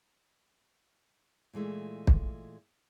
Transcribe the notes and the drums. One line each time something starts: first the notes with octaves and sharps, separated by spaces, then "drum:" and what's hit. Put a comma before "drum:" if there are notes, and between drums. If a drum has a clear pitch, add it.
A#2 E3 G#3 A3
drum: kick